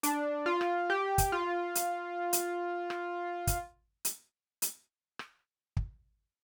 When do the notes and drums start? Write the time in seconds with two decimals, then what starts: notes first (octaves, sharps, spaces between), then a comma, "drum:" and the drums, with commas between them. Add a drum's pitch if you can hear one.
0.03 D4, drum: hi-hat
0.46 F4
0.61 drum: rim click
0.90 G4
1.18 drum: kick, hi-hat
1.32 F4
1.75 drum: hi-hat
2.33 drum: hi-hat
2.90 drum: rim click
3.47 drum: kick, hi-hat
4.05 drum: hi-hat
4.62 drum: hi-hat
5.19 drum: rim click
5.77 drum: kick